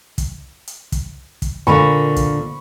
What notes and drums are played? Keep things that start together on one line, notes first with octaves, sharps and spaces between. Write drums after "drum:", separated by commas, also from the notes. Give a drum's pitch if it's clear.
drum: kick, hi-hat
drum: hi-hat
drum: kick, hi-hat
drum: kick, hi-hat
A#2 D3 A#3 B5 C#6
drum: kick, hi-hat